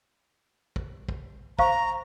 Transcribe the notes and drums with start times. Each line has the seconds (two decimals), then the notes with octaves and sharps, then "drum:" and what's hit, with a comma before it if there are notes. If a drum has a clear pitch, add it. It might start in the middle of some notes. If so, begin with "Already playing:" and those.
0.76 drum: kick
1.09 drum: kick
1.59 C5 F5 A#5 C#6, drum: kick